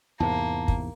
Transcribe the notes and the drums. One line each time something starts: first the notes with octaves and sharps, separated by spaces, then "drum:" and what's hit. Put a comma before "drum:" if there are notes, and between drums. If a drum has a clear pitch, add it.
E2 G#2 C3 A#3 A5
drum: kick